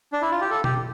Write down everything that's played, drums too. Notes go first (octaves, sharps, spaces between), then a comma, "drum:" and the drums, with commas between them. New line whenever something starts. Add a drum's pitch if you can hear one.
D4
E4
F4
G4
A4
G4, drum: tom